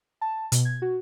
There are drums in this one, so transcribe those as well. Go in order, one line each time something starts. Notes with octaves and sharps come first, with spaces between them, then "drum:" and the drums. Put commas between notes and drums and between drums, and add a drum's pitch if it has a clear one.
A5
B2, drum: hi-hat
G#6
F#4